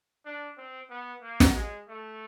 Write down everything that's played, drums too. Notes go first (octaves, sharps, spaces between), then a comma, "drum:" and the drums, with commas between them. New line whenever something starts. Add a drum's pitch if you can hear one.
D4
C4
B3
A#3
drum: snare
G#3
A3